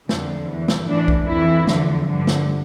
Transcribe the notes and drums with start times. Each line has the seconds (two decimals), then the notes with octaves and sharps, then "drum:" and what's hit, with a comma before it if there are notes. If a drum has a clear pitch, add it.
0.09 F2 D3 F3, drum: snare
0.48 E2 E3
0.68 drum: snare
0.88 A2 E3 D4
1.08 drum: kick B1
1.28 F2 E3 E4
1.67 E2 D3 F3, drum: snare
2.08 G2 D3 F3
2.27 drum: snare